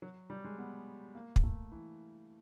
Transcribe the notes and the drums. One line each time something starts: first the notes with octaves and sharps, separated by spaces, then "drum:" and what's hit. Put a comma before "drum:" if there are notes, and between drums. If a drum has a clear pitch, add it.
F#3
G3
G#3
B3
A#3
A#3, drum: kick
A3
E3